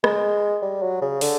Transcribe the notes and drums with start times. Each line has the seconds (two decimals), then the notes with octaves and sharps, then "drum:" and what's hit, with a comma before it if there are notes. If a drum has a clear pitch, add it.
0.04 G#3, drum: rim click
0.62 G3
0.82 F#3
1.02 C#3
1.21 D3, drum: open hi-hat